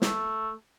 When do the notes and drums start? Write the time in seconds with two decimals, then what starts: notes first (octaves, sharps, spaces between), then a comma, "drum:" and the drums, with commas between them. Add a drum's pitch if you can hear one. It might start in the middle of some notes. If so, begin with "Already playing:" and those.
0.02 A3, drum: snare